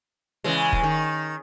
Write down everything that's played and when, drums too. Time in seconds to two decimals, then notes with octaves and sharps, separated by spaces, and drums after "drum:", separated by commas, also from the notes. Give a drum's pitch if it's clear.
0.44 C#3 E3 G#3
0.73 drum: kick
0.83 D#3